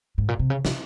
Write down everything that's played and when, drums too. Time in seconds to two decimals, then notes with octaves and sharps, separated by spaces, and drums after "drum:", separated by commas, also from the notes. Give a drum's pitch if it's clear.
0.18 G#2
0.28 A#2
0.39 C3
0.50 C#3
0.65 C3, drum: snare